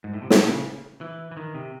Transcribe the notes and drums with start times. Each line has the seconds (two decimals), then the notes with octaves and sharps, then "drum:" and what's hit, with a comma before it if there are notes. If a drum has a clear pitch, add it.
0.04 G#2
0.13 A2
0.22 C3
0.30 A2, drum: snare
0.48 C#3
1.01 E3
1.31 E3
1.37 D#3
1.54 C3